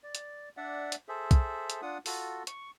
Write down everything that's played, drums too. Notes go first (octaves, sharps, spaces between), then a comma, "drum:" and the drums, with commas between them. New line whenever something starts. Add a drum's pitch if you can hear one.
D5
drum: hi-hat
D4 D5 E5 F#5
drum: hi-hat
G#4 A4 C5 E5
drum: kick B1, hi-hat
drum: hi-hat
D4 F4 F#5 D#6
F4 F#4 A4, drum: open hi-hat
C#6, drum: hi-hat